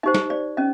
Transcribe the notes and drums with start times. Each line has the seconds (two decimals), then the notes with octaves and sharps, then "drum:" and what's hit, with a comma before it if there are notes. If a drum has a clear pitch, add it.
0.03 D#4 G4 C5 D#5
0.15 drum: snare
0.30 D5
0.57 C#4 D#5